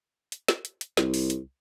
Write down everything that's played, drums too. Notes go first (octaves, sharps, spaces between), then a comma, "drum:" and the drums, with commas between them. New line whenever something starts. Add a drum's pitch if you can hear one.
drum: hi-hat
drum: snare
drum: hi-hat
drum: hi-hat
C2, drum: snare
drum: open hi-hat
drum: hi-hat